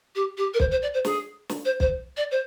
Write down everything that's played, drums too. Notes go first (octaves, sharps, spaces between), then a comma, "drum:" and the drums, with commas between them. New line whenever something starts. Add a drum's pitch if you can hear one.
G4
G4
A#4
C5, drum: kick B1
C5
D5
C5
G#4, drum: snare
drum: snare
C5
C5, drum: kick B1
D5
C5